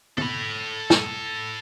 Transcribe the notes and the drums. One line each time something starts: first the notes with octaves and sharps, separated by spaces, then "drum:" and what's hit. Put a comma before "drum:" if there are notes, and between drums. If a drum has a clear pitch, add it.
A4 B5, drum: tom
drum: snare